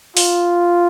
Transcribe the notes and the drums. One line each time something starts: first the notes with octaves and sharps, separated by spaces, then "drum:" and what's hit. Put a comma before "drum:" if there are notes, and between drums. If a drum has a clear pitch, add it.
F4, drum: open hi-hat